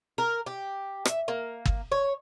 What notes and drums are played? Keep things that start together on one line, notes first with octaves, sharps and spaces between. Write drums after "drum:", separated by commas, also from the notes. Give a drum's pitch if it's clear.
A#4
G4
E5, drum: rim click
A#3
drum: kick G1
C#5